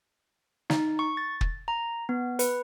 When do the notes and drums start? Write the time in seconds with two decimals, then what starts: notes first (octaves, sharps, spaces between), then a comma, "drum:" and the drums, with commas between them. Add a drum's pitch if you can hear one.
0.70 D#4, drum: snare
0.99 C#6
1.17 A6
1.41 drum: kick
1.68 A#5
2.09 B3
2.39 B4, drum: hi-hat